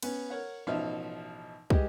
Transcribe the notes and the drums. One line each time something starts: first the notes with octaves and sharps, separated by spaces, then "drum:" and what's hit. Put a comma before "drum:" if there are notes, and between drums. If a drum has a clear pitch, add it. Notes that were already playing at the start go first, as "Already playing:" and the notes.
B3 C#4, drum: cymbal
A#4 C#5 F#5
A1 B2 F3 D#4 E5 F6
E3 G3 G#3 G4 D#5, drum: kick